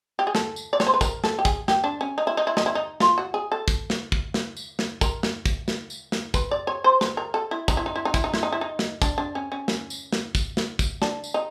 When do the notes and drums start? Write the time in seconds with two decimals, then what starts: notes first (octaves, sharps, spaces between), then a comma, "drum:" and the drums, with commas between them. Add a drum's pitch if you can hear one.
0.19 G4
0.27 G#4
0.35 A4, drum: snare
0.56 drum: tambourine
0.73 D5
0.80 C#5, drum: snare
0.87 C5
0.94 B4
1.01 A#4, drum: kick, tambourine
1.24 A4, drum: snare
1.39 G4
1.45 G#4, drum: kick, tambourine
1.68 G4, drum: snare
1.84 D4
2.01 C#4
2.18 D#4
2.27 E4
2.37 D#4
2.47 E4
2.57 D#4, drum: snare
2.66 E4
2.75 D#4
3.00 F4, drum: snare
3.18 F#4
3.34 G#4
3.52 A4
3.68 drum: kick, tambourine
3.90 drum: snare
4.12 drum: kick
4.34 drum: snare
4.57 drum: tambourine
4.79 drum: snare
5.01 A#4, drum: kick, tambourine
5.23 drum: snare
5.46 drum: kick, tambourine
5.68 drum: snare
5.90 drum: tambourine
6.12 drum: snare
6.34 B4, drum: kick, tambourine
6.51 D5
6.67 C#5
6.84 C5
7.01 B4, drum: snare
7.17 A#4
7.34 A4
7.51 E4
7.68 D#4, drum: kick, tambourine
7.77 E4
7.86 D#4
7.96 E4
8.05 D#4
8.14 E4, drum: kick, tambourine
8.24 D#4
8.34 E4, drum: snare
8.43 D#4
8.52 E4
8.61 D#4
8.79 drum: snare
9.02 D4, drum: kick, tambourine
9.18 D4
9.35 C#4
9.52 C#4
9.68 drum: snare
9.90 drum: tambourine
10.12 drum: snare
10.35 drum: kick, tambourine
10.57 drum: snare
10.79 drum: kick, tambourine
11.02 D4, drum: snare
11.24 drum: tambourine
11.34 D#4